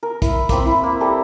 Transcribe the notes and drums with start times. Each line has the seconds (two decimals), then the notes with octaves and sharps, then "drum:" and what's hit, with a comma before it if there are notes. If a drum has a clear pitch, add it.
0.03 A#4
0.22 E4, drum: kick, hi-hat
0.49 A#3 C4 B5, drum: kick, hi-hat
0.65 E4
0.84 A#3
1.01 G3 A4 A#5